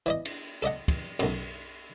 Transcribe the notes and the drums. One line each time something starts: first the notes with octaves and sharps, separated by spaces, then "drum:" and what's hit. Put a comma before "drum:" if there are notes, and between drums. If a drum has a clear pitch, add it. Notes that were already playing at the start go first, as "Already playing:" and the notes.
E3 D5 D#5
drum: cymbal
A4 D5 D#5 F#5
drum: kick, cymbal
B1 F#2, drum: cymbal